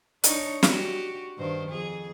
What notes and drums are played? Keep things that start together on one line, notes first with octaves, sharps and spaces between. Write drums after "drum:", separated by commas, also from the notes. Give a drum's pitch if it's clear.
D4 D#4 C#5, drum: hi-hat
F#4 G4, drum: snare
G2 D#3 C5
F2 G#4